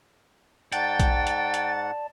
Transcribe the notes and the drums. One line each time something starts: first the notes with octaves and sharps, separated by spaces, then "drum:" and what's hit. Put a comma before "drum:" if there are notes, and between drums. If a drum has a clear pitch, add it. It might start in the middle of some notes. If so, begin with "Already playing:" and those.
G#2 D5 F#5 G5 A5 A6, drum: hi-hat
drum: kick A#1, hi-hat
drum: hi-hat
drum: hi-hat